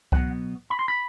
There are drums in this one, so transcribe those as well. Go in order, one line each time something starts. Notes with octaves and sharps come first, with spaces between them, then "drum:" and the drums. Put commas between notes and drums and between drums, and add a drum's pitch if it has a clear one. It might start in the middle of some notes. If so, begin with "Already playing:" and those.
B2 F#3 B3 F#5, drum: kick C2
B5
C6
B5